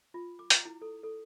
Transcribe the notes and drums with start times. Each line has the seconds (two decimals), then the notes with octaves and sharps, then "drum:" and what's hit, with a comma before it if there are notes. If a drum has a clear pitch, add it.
0.14 F4
0.39 D6
0.50 A#5, drum: hi-hat
0.65 E4
0.82 A4
1.03 A4